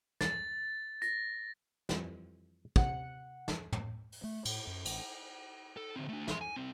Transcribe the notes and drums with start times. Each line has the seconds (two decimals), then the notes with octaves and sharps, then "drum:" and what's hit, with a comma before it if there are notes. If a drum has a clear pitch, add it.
0.21 A6, drum: snare
1.02 A#6, drum: hi-hat
1.89 F2 E3 G3, drum: snare
2.76 C3 F#5, drum: kick
3.48 drum: snare
3.72 drum: tom
4.12 drum: open hi-hat
4.24 A3
4.45 A2, drum: cymbal
4.67 F#2
4.85 A1, drum: cymbal
5.77 A4
5.96 D3 C4
6.08 A3 D4
6.28 E5 C6, drum: snare
6.41 G#5
6.56 C2 C4